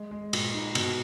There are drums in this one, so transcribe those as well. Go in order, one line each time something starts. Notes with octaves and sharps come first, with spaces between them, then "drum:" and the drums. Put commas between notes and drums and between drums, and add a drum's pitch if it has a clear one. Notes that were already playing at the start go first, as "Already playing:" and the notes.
Already playing: G#3
G#3
A#2, drum: cymbal
D#4
B2, drum: cymbal